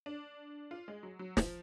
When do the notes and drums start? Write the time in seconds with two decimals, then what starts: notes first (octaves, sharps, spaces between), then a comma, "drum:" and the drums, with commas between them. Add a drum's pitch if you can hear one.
0.06 D4
0.71 F4
0.88 G#3
1.03 F#3
1.19 F#3
1.37 F3, drum: snare